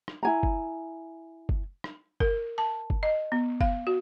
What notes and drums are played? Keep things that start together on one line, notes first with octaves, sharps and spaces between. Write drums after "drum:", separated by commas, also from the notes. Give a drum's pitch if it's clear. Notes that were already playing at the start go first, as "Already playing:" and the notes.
drum: rim click
E4 G#5 A#5
drum: kick
drum: kick
drum: rim click
A#4, drum: kick
A5
drum: kick
D#5
B3
F5, drum: kick
F#4